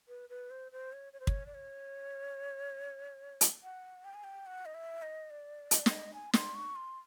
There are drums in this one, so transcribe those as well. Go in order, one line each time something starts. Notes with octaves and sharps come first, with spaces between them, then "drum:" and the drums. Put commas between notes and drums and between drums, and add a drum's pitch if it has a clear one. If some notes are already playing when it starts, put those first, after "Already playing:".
B4
B4
C5
C5
C#5
C#5
C5
C#5, drum: kick
D5
C#5
drum: hi-hat
F#5
G5
G#5
G5
F#5
D#5
E5
D#5
D5
D#5, drum: hi-hat
D5
D#5, drum: snare
G#5
C6, drum: snare
C#6
C6